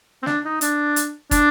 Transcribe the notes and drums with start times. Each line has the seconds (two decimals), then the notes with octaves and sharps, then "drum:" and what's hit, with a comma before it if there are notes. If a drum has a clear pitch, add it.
0.22 C4
0.26 D4, drum: snare
0.44 D#4
0.61 D4, drum: hi-hat
0.96 drum: hi-hat
1.31 D4, drum: kick, hi-hat